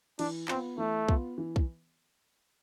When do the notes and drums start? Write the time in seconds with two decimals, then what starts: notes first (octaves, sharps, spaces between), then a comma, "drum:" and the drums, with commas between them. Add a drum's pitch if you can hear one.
0.19 E3 D4, drum: cymbal
0.48 B3 C4 F4, drum: clap
0.78 E3 A3
1.09 B3 F4, drum: kick
1.38 E3
1.56 drum: kick